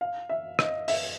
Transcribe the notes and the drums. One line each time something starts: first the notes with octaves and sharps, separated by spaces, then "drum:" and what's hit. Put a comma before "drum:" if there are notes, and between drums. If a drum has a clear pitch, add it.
F5
E5
D#5, drum: rim click
E5, drum: open hi-hat